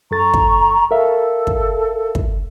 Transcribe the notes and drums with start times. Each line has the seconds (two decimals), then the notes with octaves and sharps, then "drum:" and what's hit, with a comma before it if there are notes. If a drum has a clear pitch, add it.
0.11 F#2 A4 A#5 C#6 A6
0.34 drum: kick
0.91 A4 A#4 E5 F5
1.47 drum: kick
2.15 drum: kick